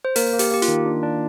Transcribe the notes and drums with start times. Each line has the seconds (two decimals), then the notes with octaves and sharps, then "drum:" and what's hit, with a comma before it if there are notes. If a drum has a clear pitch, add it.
0.05 C5
0.16 A#3 A#4, drum: open hi-hat
0.33 A#3
0.39 G4, drum: open hi-hat
0.51 A#3 G4
0.62 F4, drum: hi-hat
0.68 D#3
0.86 D4
1.03 D4